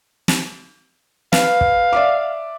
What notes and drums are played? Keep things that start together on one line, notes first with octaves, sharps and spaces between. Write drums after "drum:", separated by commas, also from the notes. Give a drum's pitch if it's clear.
drum: snare
B4 F5, drum: snare
drum: kick
D5 E5 D6